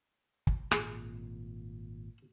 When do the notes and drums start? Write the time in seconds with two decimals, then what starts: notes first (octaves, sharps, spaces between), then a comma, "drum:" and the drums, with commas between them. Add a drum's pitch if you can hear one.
0.47 drum: kick
0.71 G#1 A#2 G#4, drum: rim click